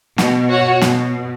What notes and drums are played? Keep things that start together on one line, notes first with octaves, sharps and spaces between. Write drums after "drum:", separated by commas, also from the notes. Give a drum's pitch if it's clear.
B2, drum: snare
F#4 C#5 F#5
B2, drum: snare